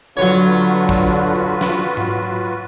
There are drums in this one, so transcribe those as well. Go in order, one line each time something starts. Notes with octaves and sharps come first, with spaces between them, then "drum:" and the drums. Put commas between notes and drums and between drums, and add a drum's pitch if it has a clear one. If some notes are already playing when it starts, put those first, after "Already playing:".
D3 F#3 F4 F#4 B4 C#5
drum: kick
drum: snare
drum: tom G#2